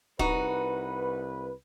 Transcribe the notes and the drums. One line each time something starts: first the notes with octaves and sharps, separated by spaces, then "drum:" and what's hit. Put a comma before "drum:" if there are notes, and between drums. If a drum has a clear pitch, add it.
C2 D#4 F#4 B4, drum: kick